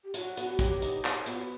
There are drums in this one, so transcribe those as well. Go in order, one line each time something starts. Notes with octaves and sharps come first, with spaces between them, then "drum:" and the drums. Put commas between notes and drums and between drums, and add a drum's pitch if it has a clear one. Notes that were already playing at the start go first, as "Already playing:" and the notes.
G4
F#3 F#4, drum: hi-hat
B3, drum: hi-hat
F#3 G4, drum: kick, hi-hat
D#4, drum: hi-hat
F#3, drum: clap
B3 F4, drum: hi-hat
F#4